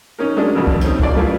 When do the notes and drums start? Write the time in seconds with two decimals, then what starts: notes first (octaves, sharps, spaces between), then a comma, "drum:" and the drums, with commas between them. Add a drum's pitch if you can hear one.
0.19 C#4 D#4 A#4
0.36 F#3 G#3 A3 C#4 D4
0.55 G#1 F2 B2
0.67 drum: kick
0.81 A3 C4 C#4 D#4, drum: cymbal
1.00 F3 F#3 F4 D5, drum: kick
1.15 C#3 G3 A3 E4 F4 B4